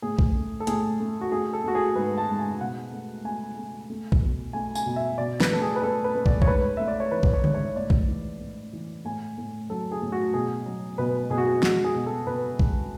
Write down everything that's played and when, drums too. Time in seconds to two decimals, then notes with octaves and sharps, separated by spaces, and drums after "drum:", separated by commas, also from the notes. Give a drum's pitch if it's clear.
0.02 A2 G#4
0.19 drum: kick
0.35 A3
0.60 A4
0.67 A2 G#4, drum: hi-hat
1.00 A3
1.21 F#4
1.32 A3 G#4
1.53 A4
1.64 A3 F#4
1.75 G#4
1.96 G#2 B4
2.17 A5
2.29 G#2
2.39 G#5
2.61 B2 F#5
2.92 A3
3.24 A3 G#5
3.57 A3
3.90 A3
4.12 drum: kick
4.21 B2
4.53 A3 G#5
4.75 G#5, drum: tambourine
4.86 B2
4.96 E5
5.18 B2 D5
5.40 B4, drum: snare
5.51 A3 A4
5.62 G#4
5.76 B4
5.82 A3 A4
6.04 B4
6.15 A3
6.26 D5, drum: kick
6.42 C#5, drum: kick
6.47 G#2 B4
6.77 A3 E5
6.88 D5
7.00 C#5
7.11 E3 B4
7.23 drum: kick
7.33 C#5
7.44 G#2, drum: tom C#3
7.54 C#5
7.76 A2 D5
7.90 drum: kick
8.08 E3
8.40 A2
8.73 E3
9.05 A2 G#5
9.38 A2
9.70 F#3 A4
9.92 G#4
10.02 A2
10.12 F#4
10.34 B2 G#4
10.66 F#3
10.98 B2 B4
11.30 B2 G#4
11.38 F#4
11.45 G#4
11.63 G#3 F#4, drum: snare
11.84 G#4
11.95 B2
12.06 A4
12.27 B2 B4
12.59 G#3, drum: kick